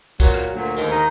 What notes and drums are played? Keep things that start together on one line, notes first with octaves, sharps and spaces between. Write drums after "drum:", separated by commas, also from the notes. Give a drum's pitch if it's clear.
A#2 F#3, drum: kick, tambourine
drum: rim click
D2 A#2 F#3
D#2 G#2 D#3, drum: tambourine
D#4